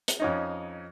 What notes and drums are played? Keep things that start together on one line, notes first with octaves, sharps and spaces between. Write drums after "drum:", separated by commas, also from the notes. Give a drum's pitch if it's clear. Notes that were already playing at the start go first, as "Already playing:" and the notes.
drum: hi-hat
F2 C#4 D#4